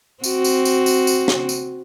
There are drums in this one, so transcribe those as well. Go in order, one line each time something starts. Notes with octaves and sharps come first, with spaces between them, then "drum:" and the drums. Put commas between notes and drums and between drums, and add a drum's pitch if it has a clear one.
C4 F#4, drum: tambourine
drum: tambourine
drum: tambourine
drum: tambourine
drum: tambourine
drum: snare
drum: tambourine